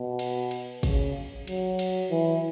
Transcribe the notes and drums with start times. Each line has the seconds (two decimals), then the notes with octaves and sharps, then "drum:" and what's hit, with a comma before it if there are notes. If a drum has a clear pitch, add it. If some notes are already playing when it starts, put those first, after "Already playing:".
Already playing: B2
0.19 drum: cymbal
0.51 drum: cymbal
0.83 C#3, drum: kick, cymbal
1.47 F#3, drum: cymbal
1.79 drum: cymbal
2.10 E3